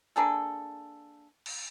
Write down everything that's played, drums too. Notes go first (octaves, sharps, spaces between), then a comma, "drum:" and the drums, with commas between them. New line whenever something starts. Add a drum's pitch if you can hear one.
A#3 D4 G#4 A4
drum: cymbal